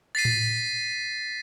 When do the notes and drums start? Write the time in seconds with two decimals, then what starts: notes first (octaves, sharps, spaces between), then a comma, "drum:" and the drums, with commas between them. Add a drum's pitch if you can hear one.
0.15 A6 B6 C7 D#7
0.25 drum: tom A2